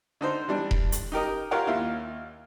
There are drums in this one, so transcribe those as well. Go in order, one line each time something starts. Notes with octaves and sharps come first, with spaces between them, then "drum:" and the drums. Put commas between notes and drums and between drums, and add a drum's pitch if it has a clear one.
D3 D#4 C5
E3 G3 D4
drum: kick E1
drum: hi-hat
D#4 G4 A#4 D#5
F4 G4 A#4 C#5 F5 F#5
D#2 E4 F4